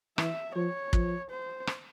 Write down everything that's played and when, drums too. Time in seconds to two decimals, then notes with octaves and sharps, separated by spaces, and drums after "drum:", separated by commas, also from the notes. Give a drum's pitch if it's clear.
0.18 E3 E5, drum: rim click
0.55 F3 C#5
0.93 F3, drum: kick
1.30 C5
1.67 drum: rim click